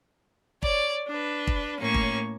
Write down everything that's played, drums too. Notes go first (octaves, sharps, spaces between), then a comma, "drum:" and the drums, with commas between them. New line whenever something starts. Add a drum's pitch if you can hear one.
C#5 D5, drum: kick
D4 B4
drum: kick
A2 A#3 C#4 C#6
drum: kick